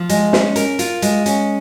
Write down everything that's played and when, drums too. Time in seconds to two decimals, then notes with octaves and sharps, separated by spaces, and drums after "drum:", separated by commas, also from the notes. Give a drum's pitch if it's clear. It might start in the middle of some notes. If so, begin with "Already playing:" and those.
Already playing: F3
0.09 G#3, drum: hi-hat
0.33 C#4, drum: snare
0.56 A#4, drum: hi-hat
0.79 F4, drum: hi-hat
1.02 G#3, drum: hi-hat
1.26 C#4, drum: hi-hat